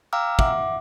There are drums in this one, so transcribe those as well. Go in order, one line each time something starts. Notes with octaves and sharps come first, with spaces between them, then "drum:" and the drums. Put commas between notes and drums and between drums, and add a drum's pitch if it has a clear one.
F5 G5 A#5 D6 E6 F6
E5 F#5 D6, drum: kick